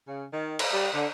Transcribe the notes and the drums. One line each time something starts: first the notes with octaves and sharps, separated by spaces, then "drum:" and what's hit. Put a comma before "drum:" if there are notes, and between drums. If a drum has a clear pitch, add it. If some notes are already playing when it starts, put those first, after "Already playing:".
C#3
D#3
drum: cymbal
G3
D3